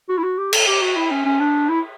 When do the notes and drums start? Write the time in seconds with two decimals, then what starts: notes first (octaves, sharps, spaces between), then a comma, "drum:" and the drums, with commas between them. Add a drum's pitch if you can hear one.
0.09 F#4
0.18 E4
0.23 F#4
0.38 G4
0.53 A4, drum: cymbal
0.67 G4
0.82 F#4
0.96 E4
1.11 C#4
1.26 C#4
1.40 D4
1.69 E4